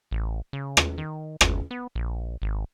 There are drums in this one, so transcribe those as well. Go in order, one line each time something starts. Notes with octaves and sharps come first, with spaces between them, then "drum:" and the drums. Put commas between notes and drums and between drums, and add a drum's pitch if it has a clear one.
A1
C#3
drum: rim click
D#3
G1, drum: rim click
B3
A#1
G#1